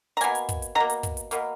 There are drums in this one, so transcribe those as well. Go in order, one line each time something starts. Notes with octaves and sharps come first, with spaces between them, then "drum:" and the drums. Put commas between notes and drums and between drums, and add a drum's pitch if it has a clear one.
A#5
B2 A#3 G#5, drum: hi-hat
drum: hi-hat
drum: kick, hi-hat
drum: hi-hat
B2 A#3 A#5
drum: hi-hat
drum: kick, hi-hat
drum: hi-hat
B2 A#3, drum: hi-hat